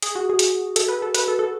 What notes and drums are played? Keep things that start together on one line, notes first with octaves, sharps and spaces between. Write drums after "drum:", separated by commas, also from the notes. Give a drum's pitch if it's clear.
G#4, drum: hi-hat
F#4
G#4
drum: hi-hat
A4, drum: hi-hat
B4
A4
B4, drum: hi-hat
A4
A4